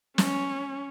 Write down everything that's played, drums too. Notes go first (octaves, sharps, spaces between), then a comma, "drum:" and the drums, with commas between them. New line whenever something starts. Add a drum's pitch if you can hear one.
C#4, drum: snare